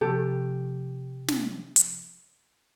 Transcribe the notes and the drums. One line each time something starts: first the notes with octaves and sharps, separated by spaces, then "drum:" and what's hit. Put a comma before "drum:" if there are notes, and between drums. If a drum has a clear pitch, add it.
C3 F3 G4 A4
drum: snare
drum: hi-hat